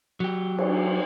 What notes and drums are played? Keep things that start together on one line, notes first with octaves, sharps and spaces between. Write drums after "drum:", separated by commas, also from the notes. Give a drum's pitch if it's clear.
F#3 G4
drum: cymbal